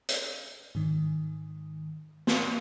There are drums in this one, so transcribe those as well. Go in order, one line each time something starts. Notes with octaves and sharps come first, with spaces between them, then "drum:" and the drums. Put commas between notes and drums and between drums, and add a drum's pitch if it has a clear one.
drum: hi-hat
G#2 D#3
drum: snare